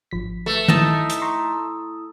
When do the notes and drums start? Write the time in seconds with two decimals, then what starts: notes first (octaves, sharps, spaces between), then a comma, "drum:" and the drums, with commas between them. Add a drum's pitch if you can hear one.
0.11 G#1 F3 B6
0.46 A3 B4
0.68 D#4 E4 E5 A5 D#6, drum: tom D#3
1.10 drum: hi-hat
1.22 A#5 C6 C#6